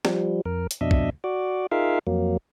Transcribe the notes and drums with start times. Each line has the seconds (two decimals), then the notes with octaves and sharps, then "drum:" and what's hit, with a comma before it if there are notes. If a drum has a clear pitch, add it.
0.05 F3 G3, drum: snare
0.46 F2 A#4
0.71 drum: hi-hat
0.81 F2 B2 D4 D#5 E5
0.91 drum: kick
1.24 F#4 D5
1.71 D#4 F4 G#4 A#4 E5 F5
2.07 F2 F#3 A#3